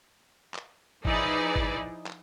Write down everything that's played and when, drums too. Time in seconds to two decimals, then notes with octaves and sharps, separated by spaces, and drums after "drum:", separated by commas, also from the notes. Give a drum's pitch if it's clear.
0.54 drum: clap
1.05 F3 D#4 E4 G#4 B4 D5, drum: kick
1.56 drum: kick
2.06 drum: clap